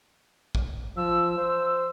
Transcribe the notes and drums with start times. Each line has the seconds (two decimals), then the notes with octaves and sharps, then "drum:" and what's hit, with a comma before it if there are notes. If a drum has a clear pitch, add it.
0.55 drum: kick A1
0.97 F3 E6
1.38 C5